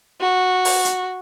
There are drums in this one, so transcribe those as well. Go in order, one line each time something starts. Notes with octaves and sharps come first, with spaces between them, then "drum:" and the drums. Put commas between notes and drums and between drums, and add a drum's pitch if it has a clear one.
F#4
drum: open hi-hat
drum: hi-hat